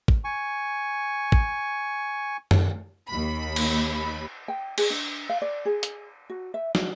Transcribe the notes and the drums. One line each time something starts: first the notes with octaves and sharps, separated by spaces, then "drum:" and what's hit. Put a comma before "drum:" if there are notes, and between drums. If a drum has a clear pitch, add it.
drum: kick
G#5 C#6
drum: kick
drum: tom F#2
D#2 B5
drum: cymbal
G5
G#4, drum: cymbal
D4
F5
D5
G#4
drum: hi-hat
F#4
E5
F#4, drum: snare